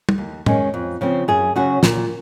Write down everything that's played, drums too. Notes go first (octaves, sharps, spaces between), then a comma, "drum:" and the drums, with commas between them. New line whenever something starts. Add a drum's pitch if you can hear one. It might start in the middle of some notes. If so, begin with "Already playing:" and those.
drum: tom
D#2
D#3 G#3 C#4, drum: tom A2
F2
C#3 F3 C4
F#2 G#4
C#3 F#3 C#4 F#4
A#2, drum: snare